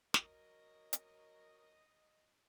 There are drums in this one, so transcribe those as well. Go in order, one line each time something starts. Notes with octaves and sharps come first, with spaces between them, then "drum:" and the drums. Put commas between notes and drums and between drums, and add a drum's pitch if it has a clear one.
F#3 A#4 C#5 D#5, drum: snare
drum: hi-hat